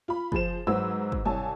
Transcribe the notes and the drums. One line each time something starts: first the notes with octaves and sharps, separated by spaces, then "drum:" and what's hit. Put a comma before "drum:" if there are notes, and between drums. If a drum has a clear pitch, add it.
F4 B5
F3 G#4 C5 E7, drum: kick
G#2 F#3 F#4 B4 C5 E6
drum: kick
C2 C#5 G#5 A5